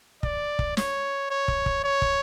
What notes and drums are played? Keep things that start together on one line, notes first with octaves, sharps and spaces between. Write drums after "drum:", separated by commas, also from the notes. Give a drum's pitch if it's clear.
D5, drum: kick
drum: kick
C#5, drum: snare
C#5
drum: kick
drum: kick
C#5
drum: kick